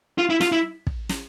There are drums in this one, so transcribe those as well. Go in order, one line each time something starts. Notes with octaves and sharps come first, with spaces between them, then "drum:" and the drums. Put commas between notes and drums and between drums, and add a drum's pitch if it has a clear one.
F4
E4
F4, drum: snare
E4
drum: kick
drum: snare